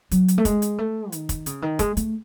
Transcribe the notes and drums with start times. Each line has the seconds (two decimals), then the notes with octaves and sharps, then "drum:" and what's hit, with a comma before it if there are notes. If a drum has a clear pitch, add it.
0.11 F#3, drum: hi-hat
0.28 drum: hi-hat
0.38 A3
0.45 G#3, drum: kick, hi-hat
0.62 drum: hi-hat
0.78 A3
1.12 D#3, drum: hi-hat
1.29 drum: kick, hi-hat
1.46 C#3, drum: hi-hat
1.62 D#3
1.79 G#3, drum: kick, hi-hat
1.97 A3, drum: hi-hat